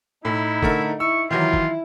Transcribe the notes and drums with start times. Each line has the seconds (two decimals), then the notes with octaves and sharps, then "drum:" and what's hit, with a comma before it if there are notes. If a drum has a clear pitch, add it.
0.25 A2 D#4 E4
0.63 D3 A3 A#4, drum: kick F#1
1.00 E4 C#6 E6
1.31 D#3 E3 F#3 E4 F4
1.53 drum: kick F#1